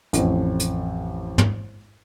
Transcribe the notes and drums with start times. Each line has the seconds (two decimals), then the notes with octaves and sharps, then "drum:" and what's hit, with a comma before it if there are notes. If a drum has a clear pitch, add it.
0.13 A1 F2, drum: hi-hat
0.59 drum: hi-hat
1.38 drum: tom